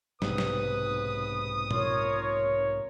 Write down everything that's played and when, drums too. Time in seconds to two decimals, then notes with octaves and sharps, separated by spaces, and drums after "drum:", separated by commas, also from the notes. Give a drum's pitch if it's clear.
0.22 B1 G#2 C3 B4 D#6, drum: snare
0.38 drum: snare
1.71 F4 A#4 C#5, drum: tom A#2